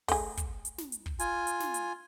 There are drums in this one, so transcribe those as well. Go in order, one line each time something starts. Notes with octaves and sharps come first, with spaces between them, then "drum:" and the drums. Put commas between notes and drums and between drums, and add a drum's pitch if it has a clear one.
A3 G#4, drum: kick, open hi-hat
drum: kick, hi-hat
drum: hi-hat
drum: snare
drum: hi-hat
drum: kick
F4 G#5, drum: hi-hat
drum: hi-hat
drum: snare
drum: hi-hat